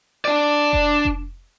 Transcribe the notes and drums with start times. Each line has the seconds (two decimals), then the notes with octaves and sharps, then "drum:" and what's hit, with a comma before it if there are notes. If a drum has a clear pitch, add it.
0.25 D4 D5
0.73 drum: kick F1
1.05 drum: kick F1